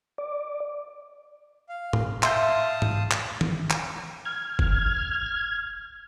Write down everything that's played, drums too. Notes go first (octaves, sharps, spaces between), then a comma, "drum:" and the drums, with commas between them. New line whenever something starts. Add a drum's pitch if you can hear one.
D5
F5
drum: tom
E5 F5 A5 C6 D#6 G6, drum: clap
drum: tom G#2
drum: clap
drum: tom
drum: clap
F6 G#6
drum: kick F#1